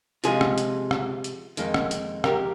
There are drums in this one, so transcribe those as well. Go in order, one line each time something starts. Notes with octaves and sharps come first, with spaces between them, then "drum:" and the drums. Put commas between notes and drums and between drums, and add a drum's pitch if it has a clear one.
C3 F3 G#3 F4 G#4, drum: hi-hat
drum: rim click
drum: hi-hat
drum: rim click
drum: hi-hat
F2 D#3 G#3, drum: hi-hat
drum: rim click
drum: hi-hat
G4 A#4, drum: rim click